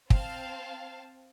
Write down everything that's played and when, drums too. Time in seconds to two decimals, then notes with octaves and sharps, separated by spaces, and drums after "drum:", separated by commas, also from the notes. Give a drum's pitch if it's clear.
0.10 C4 F5 A5, drum: kick